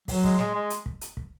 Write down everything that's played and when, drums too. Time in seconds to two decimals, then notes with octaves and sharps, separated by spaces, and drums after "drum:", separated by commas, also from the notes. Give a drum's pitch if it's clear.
0.08 F#3, drum: kick, open hi-hat
0.24 G#3, drum: kick
0.39 G#3, drum: snare
0.55 G#3
0.70 drum: hi-hat
0.86 drum: kick
1.01 drum: hi-hat
1.17 drum: kick